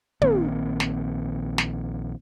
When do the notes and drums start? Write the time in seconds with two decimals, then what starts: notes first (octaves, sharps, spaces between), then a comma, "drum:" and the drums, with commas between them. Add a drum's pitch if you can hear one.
0.22 A#1 D#3 A#3 C4, drum: tom
0.80 drum: snare
1.58 drum: snare